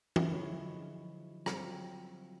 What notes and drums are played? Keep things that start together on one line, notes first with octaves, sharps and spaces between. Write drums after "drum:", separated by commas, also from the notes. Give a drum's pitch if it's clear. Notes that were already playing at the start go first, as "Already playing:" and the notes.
G#3 E4 E5, drum: tom
D3 F3 F#3 G#3 C#5
F#3 G3 C4 F4, drum: rim click